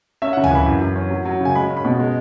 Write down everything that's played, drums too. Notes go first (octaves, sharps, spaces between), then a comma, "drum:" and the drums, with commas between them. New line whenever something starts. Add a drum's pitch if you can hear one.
C#4 E5
C#3 F#5
G#5, drum: tom D2
E3 B5
F#2
F#2
C#4
F#3
F#3
C#3 G#5
G#3 B5
C#4
B5
B2
G#3